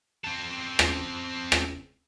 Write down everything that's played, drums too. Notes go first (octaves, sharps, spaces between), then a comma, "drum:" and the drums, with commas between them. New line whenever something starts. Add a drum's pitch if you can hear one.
C4 A4
drum: rim click
drum: rim click